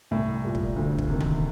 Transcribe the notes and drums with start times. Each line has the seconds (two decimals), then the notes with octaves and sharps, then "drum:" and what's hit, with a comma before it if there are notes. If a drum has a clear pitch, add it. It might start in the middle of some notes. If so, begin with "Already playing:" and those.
0.11 C2 A2
0.44 A#2 G3
0.55 drum: kick
0.76 D2
0.99 drum: kick
1.10 C3 D#3 A#3
1.20 drum: tom D#3